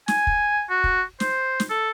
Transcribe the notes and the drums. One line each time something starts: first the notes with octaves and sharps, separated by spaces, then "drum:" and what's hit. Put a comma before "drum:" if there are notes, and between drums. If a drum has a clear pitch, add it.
G#5, drum: snare
drum: kick
F#4
drum: kick
C5, drum: snare
drum: snare
A4